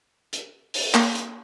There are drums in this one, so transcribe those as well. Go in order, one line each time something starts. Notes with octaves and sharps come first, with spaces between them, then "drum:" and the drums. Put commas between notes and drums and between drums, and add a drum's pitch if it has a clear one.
drum: hi-hat
drum: open hi-hat
A#3, drum: clap
drum: hi-hat